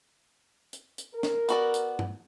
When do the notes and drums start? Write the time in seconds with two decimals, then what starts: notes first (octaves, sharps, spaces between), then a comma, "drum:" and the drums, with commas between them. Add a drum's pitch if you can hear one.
0.73 drum: hi-hat
0.98 drum: hi-hat
1.14 A#4
1.23 drum: snare
1.49 B3 F#4 D5, drum: hi-hat
1.74 drum: hi-hat
1.99 drum: tom G2